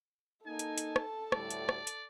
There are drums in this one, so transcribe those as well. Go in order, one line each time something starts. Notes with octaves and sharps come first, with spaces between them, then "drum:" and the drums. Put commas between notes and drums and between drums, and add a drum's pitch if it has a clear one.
A#3 D#4 A4 G#5 A5
drum: hi-hat
drum: hi-hat
drum: rim click
D2 A2 G3 D5, drum: rim click
drum: hi-hat
drum: rim click
drum: hi-hat